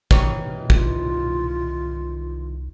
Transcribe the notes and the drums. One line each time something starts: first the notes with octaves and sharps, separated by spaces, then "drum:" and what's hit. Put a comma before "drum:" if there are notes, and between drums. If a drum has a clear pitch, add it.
D#3 E3 C#5, drum: kick
C2 F4, drum: kick